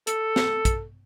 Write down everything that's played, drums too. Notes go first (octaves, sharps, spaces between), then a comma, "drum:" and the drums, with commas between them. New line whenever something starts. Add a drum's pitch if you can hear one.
A4, drum: hi-hat
drum: snare
drum: kick, hi-hat